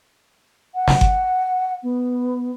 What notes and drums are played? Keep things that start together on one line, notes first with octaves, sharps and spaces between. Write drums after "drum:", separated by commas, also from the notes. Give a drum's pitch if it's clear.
F#5
drum: snare
drum: kick G1
B3